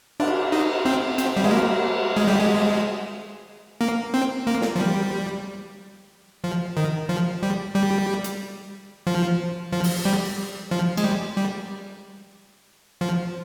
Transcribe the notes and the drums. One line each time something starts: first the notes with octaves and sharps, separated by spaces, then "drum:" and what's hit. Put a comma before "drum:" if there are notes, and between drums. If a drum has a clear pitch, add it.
D4, drum: cymbal
D#4
C4
C4, drum: hi-hat
G3
G#3, drum: cymbal
A#3
G#3
G3
G#3
A#3
C4
A#3
drum: snare
F3
G3
F3
D#3
F3
G3
G3
drum: hi-hat
F3
F3
drum: open hi-hat
G3
F3
G#3, drum: cymbal
G3
G3
F3